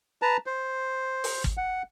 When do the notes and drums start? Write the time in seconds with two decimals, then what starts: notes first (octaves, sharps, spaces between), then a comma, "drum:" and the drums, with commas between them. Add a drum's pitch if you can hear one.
0.22 B4 A5 A#5
0.46 C5
1.24 drum: open hi-hat
1.44 drum: kick
1.57 F#5